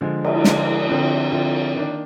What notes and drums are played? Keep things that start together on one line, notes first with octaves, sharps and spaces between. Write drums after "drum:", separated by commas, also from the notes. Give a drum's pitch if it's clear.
D3 F3 G#3
drum: cymbal
D3 F3 G#3, drum: snare
D3 F3 C4
D3 F3 C4
D#3 A#3 D4